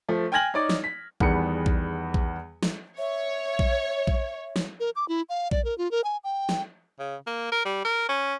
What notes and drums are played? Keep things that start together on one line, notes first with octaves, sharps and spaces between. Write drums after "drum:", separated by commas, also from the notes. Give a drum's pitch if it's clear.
F3 A3
G5 G#5 F6 G#6 A#6 F#7
D#4 C#5 D5 D6
drum: snare
B6
E2 D#3 G3 B3 G#4 C#7, drum: kick A#1
drum: kick A#1
drum: kick A#1
drum: snare
C#5 E5
drum: kick A#1
drum: kick A#1
drum: snare
A#4
D6
E4
F5
D5, drum: kick A#1
A#4
F4
A#4
G#5
G5
drum: snare
C#3
A#3
A#4
G3
A#4
C#4